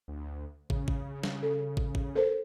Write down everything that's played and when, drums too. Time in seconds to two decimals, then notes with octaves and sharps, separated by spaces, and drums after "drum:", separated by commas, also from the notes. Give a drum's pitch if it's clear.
0.08 D2
0.70 C#3, drum: kick
0.88 drum: kick
1.23 drum: snare
1.43 A4
1.77 drum: kick
1.95 drum: kick
2.15 A4 A#4 C5